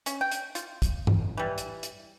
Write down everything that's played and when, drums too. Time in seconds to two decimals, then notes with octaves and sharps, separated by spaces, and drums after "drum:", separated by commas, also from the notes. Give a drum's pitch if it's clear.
0.06 C#4, drum: hi-hat
0.21 G5
0.31 drum: hi-hat
0.55 F4, drum: hi-hat
0.82 drum: kick, hi-hat
1.07 drum: tom
1.37 E3 G3
1.58 drum: hi-hat
1.83 drum: hi-hat